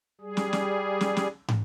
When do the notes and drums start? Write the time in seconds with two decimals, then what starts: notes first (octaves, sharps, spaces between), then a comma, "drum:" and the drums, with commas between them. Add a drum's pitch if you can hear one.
0.21 G3 G#4
0.37 drum: snare
0.53 drum: snare
1.01 drum: snare
1.17 drum: snare
1.48 drum: tom